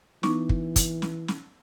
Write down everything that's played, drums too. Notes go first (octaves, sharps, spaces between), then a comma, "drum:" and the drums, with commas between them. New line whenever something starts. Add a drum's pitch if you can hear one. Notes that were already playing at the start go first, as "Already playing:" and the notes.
E3 B3 D#4 C#6, drum: snare
drum: kick
drum: kick, hi-hat
drum: snare
drum: snare